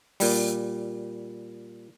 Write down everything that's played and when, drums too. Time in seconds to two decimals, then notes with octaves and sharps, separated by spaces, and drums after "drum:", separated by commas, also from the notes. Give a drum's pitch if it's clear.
0.20 A#2 G3, drum: open hi-hat